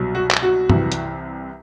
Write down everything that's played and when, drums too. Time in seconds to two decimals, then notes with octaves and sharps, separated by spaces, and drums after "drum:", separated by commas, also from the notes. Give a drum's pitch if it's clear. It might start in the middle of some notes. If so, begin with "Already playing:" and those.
Already playing: C2 B2 F#3
0.15 F#4
0.31 drum: clap
0.43 F#4
0.70 C2 C3 E3, drum: tom
0.92 drum: hi-hat